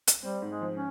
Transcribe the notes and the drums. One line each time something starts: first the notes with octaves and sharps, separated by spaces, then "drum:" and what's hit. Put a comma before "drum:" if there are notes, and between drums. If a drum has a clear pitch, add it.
drum: hi-hat
G3 C4
G#2
G#3
F3
C#4